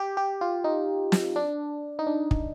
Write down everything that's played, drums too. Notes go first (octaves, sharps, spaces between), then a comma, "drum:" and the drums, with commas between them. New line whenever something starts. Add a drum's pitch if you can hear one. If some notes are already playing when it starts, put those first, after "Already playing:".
Already playing: G4
G4
F4
D#4
drum: snare
D4
D#4
D4
drum: kick